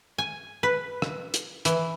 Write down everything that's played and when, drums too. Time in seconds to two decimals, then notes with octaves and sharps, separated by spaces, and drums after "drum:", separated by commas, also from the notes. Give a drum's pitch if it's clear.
0.18 G#5
0.63 B4
1.02 drum: rim click
1.34 drum: hi-hat
1.65 E3, drum: hi-hat